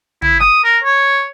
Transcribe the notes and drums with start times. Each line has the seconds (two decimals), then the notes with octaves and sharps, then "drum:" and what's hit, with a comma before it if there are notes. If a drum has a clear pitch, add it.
0.22 E4, drum: tom
0.40 D#6, drum: rim click
0.64 A#4
0.84 C#5